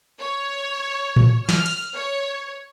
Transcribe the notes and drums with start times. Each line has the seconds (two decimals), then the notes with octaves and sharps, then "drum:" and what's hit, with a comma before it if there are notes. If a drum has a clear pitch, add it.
0.19 C#5
1.16 drum: tom A2
1.49 F6, drum: snare
1.66 drum: cymbal
1.94 C#5